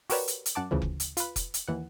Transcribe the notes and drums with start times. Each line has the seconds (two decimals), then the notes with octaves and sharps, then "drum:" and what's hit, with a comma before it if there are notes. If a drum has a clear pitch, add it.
0.10 F#4 G4 A#4 B4 C#5 D5, drum: open hi-hat
0.28 drum: hi-hat
0.46 drum: hi-hat
0.55 F#2 F#5 A5 D6
0.71 D2 C#3 E3 F3
0.82 drum: kick F1
1.00 drum: hi-hat
1.17 F4 B4, drum: hi-hat
1.36 drum: kick F1, hi-hat
1.54 drum: hi-hat
1.68 D#2 E3 F#5